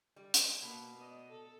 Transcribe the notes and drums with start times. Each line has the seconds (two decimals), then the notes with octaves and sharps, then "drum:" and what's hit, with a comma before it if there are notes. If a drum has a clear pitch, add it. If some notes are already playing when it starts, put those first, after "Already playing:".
0.16 G3
0.34 drum: hi-hat
0.62 B2 A#3
0.97 B3 D5 D#5
1.29 A4